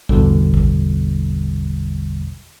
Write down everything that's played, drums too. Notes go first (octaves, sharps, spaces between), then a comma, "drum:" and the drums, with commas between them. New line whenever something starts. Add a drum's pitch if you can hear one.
A1 E2 B2 D3 G3, drum: kick A#1
drum: kick A#1